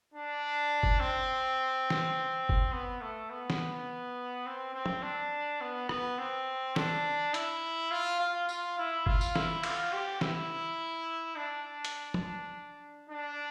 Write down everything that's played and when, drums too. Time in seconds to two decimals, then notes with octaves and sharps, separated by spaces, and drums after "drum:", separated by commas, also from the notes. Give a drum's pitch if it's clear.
0.14 D4
0.83 drum: kick F#1
1.00 C4
1.90 drum: snare
2.49 drum: kick F#1
2.73 B3
3.01 A3
3.30 B3
3.50 drum: snare
4.46 C4
4.74 C4
4.86 drum: tom
5.03 D4
5.61 B3
5.89 B3, drum: rim click
6.19 C4
6.76 D4, drum: snare
7.34 E4, drum: hi-hat
7.91 F4
8.21 F4
8.49 F4, drum: tambourine
8.78 E4
9.06 F4, drum: kick F#1
9.21 drum: tambourine
9.36 E4, drum: snare
9.63 F4, drum: cymbal
9.93 G4
10.21 E4, drum: snare
11.36 D4
11.85 drum: hi-hat
12.14 drum: tom
13.10 D4